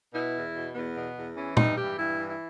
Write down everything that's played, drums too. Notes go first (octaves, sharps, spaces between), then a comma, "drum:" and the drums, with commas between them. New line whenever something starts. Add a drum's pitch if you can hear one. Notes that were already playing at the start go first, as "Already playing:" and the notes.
B2 E4
E2
B2
E2 B3
B2
E2
E3 C#4
G2 D#4, drum: tom
E3 G4
G2 E4
E3
E4